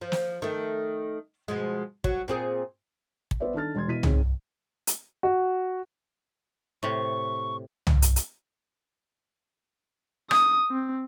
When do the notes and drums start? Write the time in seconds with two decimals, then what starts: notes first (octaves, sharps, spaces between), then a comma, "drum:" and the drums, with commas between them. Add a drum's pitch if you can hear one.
0.01 F3
0.12 drum: snare
0.42 D#3 A3
1.48 B2 F3 G#3
2.04 F#3, drum: kick
2.28 A#2 C4 G#4
3.31 drum: kick
3.40 B3 B4 C5 D5 E5
3.54 D#3 D4 A4 F6 A6
3.75 E1 C6 G#6
3.88 B2 E4 B6 D#7
4.03 C4 D#4 G#4 C#5, drum: tom C2
4.87 drum: hi-hat
5.23 F#4
6.83 A2 C3 C#6
7.87 drum: tom C2
8.02 drum: hi-hat
8.16 drum: hi-hat
10.31 D#6, drum: rim click
10.71 C4